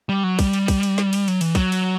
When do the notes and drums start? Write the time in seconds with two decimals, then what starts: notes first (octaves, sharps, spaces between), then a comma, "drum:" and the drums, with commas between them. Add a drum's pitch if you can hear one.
0.09 G3
0.24 F#3
0.39 G3, drum: kick, cymbal
0.53 drum: cymbal
0.68 drum: kick, cymbal
0.83 drum: cymbal
0.98 drum: snare
1.13 drum: cymbal
1.28 F#3, drum: cymbal
1.41 E3, drum: cymbal
1.55 F#3, drum: kick, cymbal
1.72 drum: cymbal